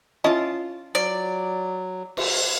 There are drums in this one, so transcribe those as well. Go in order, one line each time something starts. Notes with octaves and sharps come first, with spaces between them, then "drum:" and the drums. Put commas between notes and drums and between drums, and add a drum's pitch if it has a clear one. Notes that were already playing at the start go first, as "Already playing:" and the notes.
C#4 E4 F4 D#5 A5
F#3 D5
drum: cymbal